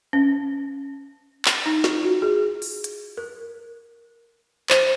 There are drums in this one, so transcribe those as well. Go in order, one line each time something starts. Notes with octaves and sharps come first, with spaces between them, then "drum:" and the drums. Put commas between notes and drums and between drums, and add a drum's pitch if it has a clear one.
C#4
drum: clap
D#4
F4, drum: snare
F#4
G#4
drum: open hi-hat
drum: hi-hat
A#4
C5, drum: clap